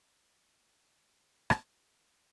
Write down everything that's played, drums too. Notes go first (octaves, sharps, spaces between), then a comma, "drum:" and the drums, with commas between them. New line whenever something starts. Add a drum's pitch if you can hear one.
G1 B3
drum: rim click